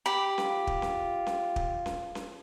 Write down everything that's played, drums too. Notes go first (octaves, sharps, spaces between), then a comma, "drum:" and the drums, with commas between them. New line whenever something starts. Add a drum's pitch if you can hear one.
G4 B5
F4, drum: snare C#4
drum: kick
drum: snare C#4
drum: snare C#4
drum: kick
drum: snare C#4
drum: snare C#4